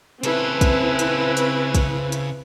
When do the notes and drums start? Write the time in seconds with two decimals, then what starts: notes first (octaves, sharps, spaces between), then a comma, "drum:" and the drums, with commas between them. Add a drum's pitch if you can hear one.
0.23 C#3 C4 E4 A4 B4, drum: hi-hat
0.61 drum: kick, hi-hat
0.99 drum: hi-hat
1.37 drum: hi-hat
1.75 drum: kick, hi-hat
2.12 drum: hi-hat